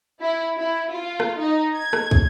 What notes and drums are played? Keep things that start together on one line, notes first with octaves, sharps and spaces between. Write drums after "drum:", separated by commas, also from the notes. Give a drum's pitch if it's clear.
E4
E4
F4
drum: rim click
D#4
G#6
drum: rim click
drum: kick